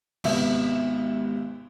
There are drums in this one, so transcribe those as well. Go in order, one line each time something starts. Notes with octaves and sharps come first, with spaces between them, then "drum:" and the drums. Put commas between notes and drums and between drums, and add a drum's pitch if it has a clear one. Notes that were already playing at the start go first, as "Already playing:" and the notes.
G#1 C3 B3 E5, drum: cymbal